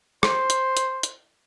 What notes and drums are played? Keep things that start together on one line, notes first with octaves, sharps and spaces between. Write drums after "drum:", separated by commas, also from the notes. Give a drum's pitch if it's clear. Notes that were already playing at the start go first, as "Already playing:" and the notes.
C5, drum: rim click
drum: hi-hat
drum: hi-hat
drum: hi-hat